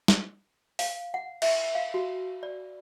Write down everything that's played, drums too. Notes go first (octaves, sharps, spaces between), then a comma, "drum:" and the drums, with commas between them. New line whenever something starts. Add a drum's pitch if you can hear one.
drum: snare
F5, drum: open hi-hat
F#5
E5, drum: cymbal
F5
F#4
D5